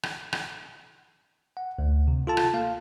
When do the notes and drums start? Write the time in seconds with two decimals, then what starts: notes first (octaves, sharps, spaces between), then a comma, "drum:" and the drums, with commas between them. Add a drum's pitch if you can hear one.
0.03 drum: rim click
0.33 drum: rim click
1.57 F#5
1.79 D2
2.08 C3
2.27 F4 A4 A5
2.37 drum: rim click
2.54 A#3 F5